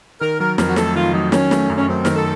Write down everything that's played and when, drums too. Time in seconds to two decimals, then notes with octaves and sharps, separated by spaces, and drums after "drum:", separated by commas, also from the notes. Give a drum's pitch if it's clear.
0.21 D#3 A#4
0.40 F#3 A#4
0.58 F2 A#4, drum: snare
0.69 F#4
0.76 A3 A4, drum: snare
0.95 D#3 F4
1.14 F#3 D#4
1.32 D#3 C#4, drum: snare
1.51 A3, drum: snare
1.70 F#2
1.76 C#4
1.88 F#2 C4
2.05 D#3 A#4, drum: snare
2.16 A4